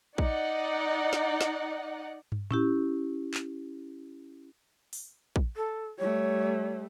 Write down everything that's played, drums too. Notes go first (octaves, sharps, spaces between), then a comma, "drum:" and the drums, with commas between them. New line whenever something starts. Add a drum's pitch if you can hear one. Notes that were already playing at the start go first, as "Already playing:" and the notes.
D#4 D5 F#5, drum: kick
drum: snare
drum: snare
drum: tom
C#4 E4 G4, drum: tom A2
drum: clap
drum: open hi-hat
drum: kick
A4
G3 A3 C#5